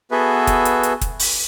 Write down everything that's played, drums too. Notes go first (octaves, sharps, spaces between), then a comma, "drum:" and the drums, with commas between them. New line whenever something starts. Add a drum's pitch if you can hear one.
B3 F#4 G#4 A4 B4 E5
drum: kick, hi-hat
drum: hi-hat
drum: hi-hat
drum: kick, hi-hat
drum: open hi-hat